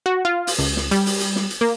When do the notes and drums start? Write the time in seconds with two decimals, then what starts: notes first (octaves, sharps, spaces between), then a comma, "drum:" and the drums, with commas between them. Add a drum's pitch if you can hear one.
0.06 F#4
0.25 F4
0.47 drum: open hi-hat
0.58 C#2
0.77 drum: snare
0.91 G3, drum: hi-hat
1.06 drum: open hi-hat
1.21 drum: hi-hat
1.36 drum: snare
1.51 drum: hi-hat
1.61 A#3